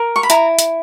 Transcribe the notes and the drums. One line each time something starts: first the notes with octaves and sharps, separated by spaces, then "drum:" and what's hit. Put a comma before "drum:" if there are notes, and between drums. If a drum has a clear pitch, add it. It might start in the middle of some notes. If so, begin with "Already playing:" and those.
Already playing: A#4
C#6
B5
E4 A#5, drum: hi-hat
drum: hi-hat